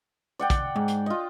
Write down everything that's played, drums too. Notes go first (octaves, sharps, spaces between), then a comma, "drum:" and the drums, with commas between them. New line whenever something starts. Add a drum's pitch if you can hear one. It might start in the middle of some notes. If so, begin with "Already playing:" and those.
D5 F#5 G5
drum: kick, hi-hat
G#2
drum: hi-hat
F4 D#5